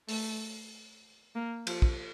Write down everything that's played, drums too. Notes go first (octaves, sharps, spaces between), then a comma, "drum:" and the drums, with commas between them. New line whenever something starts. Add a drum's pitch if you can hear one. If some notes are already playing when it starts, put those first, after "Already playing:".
A3, drum: open hi-hat
A#3
F3, drum: cymbal
drum: kick